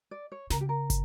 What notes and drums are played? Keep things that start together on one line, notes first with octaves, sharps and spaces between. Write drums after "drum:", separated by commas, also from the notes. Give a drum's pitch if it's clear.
D5
C#5
C#3 A#4, drum: snare
G4
A#4
drum: kick, hi-hat